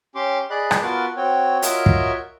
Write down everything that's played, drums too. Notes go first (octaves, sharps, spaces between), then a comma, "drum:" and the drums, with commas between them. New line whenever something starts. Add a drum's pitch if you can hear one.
C#4 G4 C6 D6
G#4 D5 D#5 B5 F#6
drum: rim click
B3 F4 F#4 A#4 B4 A5
C4 F#4 C#5 G5
F4 F#4 A#4 C#5 D#5 E5, drum: hi-hat
drum: kick